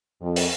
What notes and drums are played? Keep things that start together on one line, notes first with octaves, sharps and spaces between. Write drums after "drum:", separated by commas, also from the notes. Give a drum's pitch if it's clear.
F2
drum: open hi-hat